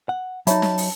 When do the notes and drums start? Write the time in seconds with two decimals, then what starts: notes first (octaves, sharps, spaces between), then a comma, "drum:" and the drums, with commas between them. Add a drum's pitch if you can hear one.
0.09 F#5
0.47 F#3 D#4 C#5 E5 A5 B5, drum: hi-hat
0.62 drum: snare
0.78 drum: open hi-hat